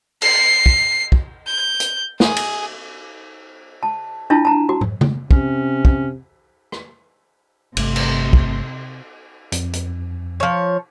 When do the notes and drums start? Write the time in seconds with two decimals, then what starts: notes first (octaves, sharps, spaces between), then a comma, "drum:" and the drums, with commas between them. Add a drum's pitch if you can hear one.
0.22 C7, drum: cymbal
0.66 drum: kick
1.12 drum: kick
1.47 G6
1.80 drum: hi-hat
2.20 G#4, drum: snare
2.36 drum: cymbal
3.83 A5
4.30 D4 E4 F4 A5
4.45 A5 A#5
4.69 F#4
4.81 drum: tom
5.01 drum: tom C#3
5.31 C3 C#4, drum: kick
5.85 drum: kick
6.72 drum: rim click
7.77 G1 C3 A3, drum: cymbal
7.96 drum: cymbal
8.33 drum: kick
9.52 F2, drum: hi-hat
9.73 drum: hi-hat
10.40 F3 C#5